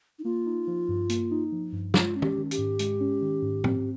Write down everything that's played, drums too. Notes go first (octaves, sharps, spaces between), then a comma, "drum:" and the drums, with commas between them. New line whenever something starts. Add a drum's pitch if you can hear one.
D#4
A#3 F4
D#4
F3
G2
A#3, drum: hi-hat
D#4
F3
G2
G#3 F4, drum: snare
C#4
G4, drum: tom
D#3
G4, drum: hi-hat
G#2
G#3, drum: hi-hat
C#4
D#3
G#2
C4, drum: tom A2